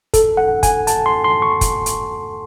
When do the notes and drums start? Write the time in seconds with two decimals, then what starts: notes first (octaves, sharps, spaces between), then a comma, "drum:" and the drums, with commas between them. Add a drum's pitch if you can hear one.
0.14 A4, drum: kick, hi-hat
0.37 F#5
0.63 G#5, drum: kick, hi-hat
0.87 A5, drum: hi-hat
1.06 C6
1.24 C6
1.42 C#6
1.61 drum: kick, hi-hat
1.86 drum: hi-hat